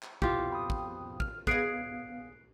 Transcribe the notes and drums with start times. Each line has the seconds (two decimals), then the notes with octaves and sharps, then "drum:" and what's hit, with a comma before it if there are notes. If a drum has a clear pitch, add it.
0.03 drum: clap
0.22 C2 F2 B2 E4 F4 G4, drum: kick
0.52 G5 B5 D#6
0.70 drum: kick
1.20 F6, drum: kick
1.47 B3 G#4 C#5 D#5 F5 F#6 C7 D7, drum: kick